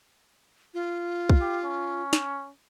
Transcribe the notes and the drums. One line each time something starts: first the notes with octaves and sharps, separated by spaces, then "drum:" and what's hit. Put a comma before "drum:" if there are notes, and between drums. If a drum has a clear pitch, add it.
F4
drum: kick
G4
C#4
drum: snare